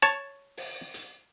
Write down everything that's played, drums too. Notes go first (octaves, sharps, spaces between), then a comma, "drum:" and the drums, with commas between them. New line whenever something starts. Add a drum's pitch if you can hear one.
C#5 A5
drum: open hi-hat
drum: hi-hat